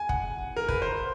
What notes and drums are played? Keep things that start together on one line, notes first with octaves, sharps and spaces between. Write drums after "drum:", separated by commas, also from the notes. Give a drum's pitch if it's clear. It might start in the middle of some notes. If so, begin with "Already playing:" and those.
Already playing: G#5
F#5, drum: kick
A#4
B4, drum: kick
C5